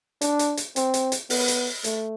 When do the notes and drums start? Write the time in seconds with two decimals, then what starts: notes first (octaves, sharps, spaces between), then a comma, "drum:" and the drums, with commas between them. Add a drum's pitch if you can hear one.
0.21 D4, drum: hi-hat
0.39 drum: hi-hat
0.57 drum: hi-hat
0.76 C4, drum: hi-hat
0.94 drum: hi-hat
1.12 drum: hi-hat
1.30 B3, drum: open hi-hat
1.48 drum: hi-hat
1.84 A3, drum: hi-hat